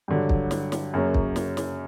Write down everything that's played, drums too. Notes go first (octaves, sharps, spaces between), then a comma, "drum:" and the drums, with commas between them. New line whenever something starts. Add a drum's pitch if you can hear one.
G2 D3 F#3
drum: kick
drum: snare
drum: snare
F#2 C#3 F#3 A#3 C#4
drum: kick
drum: snare
drum: snare